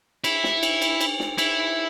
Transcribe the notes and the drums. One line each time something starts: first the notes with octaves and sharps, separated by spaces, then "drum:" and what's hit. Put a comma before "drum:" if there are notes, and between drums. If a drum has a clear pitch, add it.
E4, drum: cymbal
drum: snare
drum: cymbal
drum: cymbal
drum: cymbal
drum: snare
E4, drum: cymbal